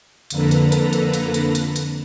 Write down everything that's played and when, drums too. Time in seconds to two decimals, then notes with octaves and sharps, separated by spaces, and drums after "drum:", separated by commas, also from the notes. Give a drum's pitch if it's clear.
0.30 F2 D3 A#3 A4 B4 A#5, drum: hi-hat
0.51 drum: hi-hat
0.72 drum: hi-hat
0.93 drum: hi-hat
1.13 drum: hi-hat
1.34 drum: hi-hat
1.55 drum: hi-hat
1.76 drum: hi-hat